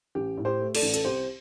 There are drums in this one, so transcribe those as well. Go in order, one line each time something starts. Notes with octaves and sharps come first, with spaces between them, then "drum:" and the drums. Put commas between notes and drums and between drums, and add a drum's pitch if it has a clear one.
A1 G4
A2
G4 C5
A3
A4 D5, drum: cymbal
A1
A4, drum: hi-hat
C2 G4 C5